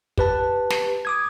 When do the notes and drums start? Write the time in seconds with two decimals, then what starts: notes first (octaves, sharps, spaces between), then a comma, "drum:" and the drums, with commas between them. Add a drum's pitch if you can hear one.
0.18 G4 B4 A5, drum: kick
0.70 drum: snare
1.05 D6 D#6 G#6